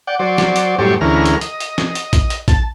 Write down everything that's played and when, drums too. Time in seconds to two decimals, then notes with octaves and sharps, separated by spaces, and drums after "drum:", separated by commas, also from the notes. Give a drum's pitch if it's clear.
0.07 D5 F#5 G5
0.19 F#3 C5 D5
0.38 drum: snare
0.56 drum: hi-hat
0.79 F#2 A2 G3 G4 C5 C#5
1.01 D2 E3 G#3 C#4 A#4 F6
1.26 drum: hi-hat
1.41 D#5, drum: hi-hat
1.60 drum: hi-hat
1.78 drum: snare
1.95 drum: hi-hat
2.13 drum: kick A1, hi-hat
2.30 drum: hi-hat
2.48 A5, drum: kick A1, hi-hat